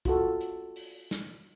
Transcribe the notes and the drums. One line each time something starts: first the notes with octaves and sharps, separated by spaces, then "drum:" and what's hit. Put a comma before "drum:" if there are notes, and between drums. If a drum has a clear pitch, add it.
F4 F#4 A4, drum: kick, hi-hat
drum: hi-hat
drum: open hi-hat
drum: snare